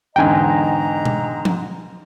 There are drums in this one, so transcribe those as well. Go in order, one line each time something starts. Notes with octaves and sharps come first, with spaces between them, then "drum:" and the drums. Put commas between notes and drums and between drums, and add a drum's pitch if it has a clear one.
E2 G#2 D3 D#5 G5 G#5 A#5
drum: tom B2
drum: tom F3